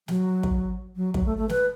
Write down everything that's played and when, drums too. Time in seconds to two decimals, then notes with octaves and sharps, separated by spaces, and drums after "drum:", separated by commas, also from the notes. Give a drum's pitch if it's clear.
0.08 F#3, drum: snare
0.43 drum: kick
0.96 F#3
1.14 F#3, drum: kick
1.26 A3
1.37 A3
1.49 B4, drum: snare